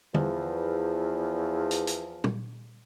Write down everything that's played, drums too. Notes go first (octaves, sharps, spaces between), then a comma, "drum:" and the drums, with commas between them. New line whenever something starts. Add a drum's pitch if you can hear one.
E2 F3, drum: tom
drum: hi-hat
drum: hi-hat
drum: tom